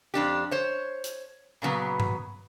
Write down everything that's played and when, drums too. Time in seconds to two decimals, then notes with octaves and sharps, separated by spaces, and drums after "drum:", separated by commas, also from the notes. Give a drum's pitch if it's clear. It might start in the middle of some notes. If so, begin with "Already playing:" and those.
0.14 F2 D4 G4
0.51 C5 C#5
1.04 drum: hi-hat
1.62 A#2 C#3 F#3 B3
2.00 drum: tom G2